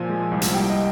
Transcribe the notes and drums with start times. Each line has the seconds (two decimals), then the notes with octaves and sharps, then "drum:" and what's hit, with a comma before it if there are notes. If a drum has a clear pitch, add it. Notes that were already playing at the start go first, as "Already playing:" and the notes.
Already playing: A#2 F3 G#5
0.10 G#3
0.32 C2
0.42 drum: hi-hat
0.55 G3 G5
0.70 D#5